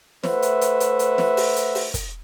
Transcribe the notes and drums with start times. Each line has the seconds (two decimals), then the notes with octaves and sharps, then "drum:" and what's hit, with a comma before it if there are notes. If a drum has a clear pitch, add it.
0.24 A3 B4 C5 E5 F#5, drum: snare
0.42 drum: hi-hat
0.61 drum: hi-hat
0.80 drum: hi-hat
0.99 drum: hi-hat
1.18 drum: snare
1.37 drum: open hi-hat
1.56 drum: hi-hat
1.75 drum: open hi-hat
1.94 drum: kick, hi-hat